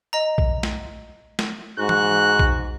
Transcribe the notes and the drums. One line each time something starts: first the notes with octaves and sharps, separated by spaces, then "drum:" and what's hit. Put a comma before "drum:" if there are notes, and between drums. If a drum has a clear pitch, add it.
D#5 A#5
drum: kick A#1
drum: snare
drum: snare
G#2 F#4 F#6
drum: tom
drum: kick A#1